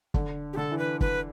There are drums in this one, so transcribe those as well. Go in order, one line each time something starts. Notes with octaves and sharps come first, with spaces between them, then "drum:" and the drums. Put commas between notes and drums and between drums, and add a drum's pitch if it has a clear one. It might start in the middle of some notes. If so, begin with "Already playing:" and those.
D3, drum: kick
G4
D3 A4
E3
B4
B4, drum: kick